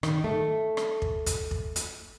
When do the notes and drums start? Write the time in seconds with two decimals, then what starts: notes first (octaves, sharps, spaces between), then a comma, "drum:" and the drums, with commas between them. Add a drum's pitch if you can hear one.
0.03 D#3, drum: rim click
0.24 A3
0.77 drum: rim click
1.02 drum: kick
1.26 drum: kick, hi-hat
1.51 drum: kick
1.76 drum: hi-hat